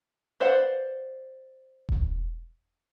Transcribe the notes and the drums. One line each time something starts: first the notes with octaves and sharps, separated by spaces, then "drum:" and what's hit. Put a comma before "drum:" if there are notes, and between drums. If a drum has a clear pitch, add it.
B4 C5 D5 F5 F#5
drum: kick E1